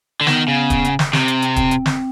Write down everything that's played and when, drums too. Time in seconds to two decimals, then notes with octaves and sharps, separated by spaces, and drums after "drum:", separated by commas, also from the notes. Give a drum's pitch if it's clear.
0.21 D3
0.27 D#3 B3, drum: snare
0.48 C#3
0.70 drum: kick, hi-hat
0.85 drum: hi-hat
0.99 drum: snare
1.13 C3 C4, drum: snare
1.28 drum: hi-hat
1.42 drum: hi-hat
1.56 C4, drum: kick, hi-hat
1.71 drum: hi-hat
1.86 drum: snare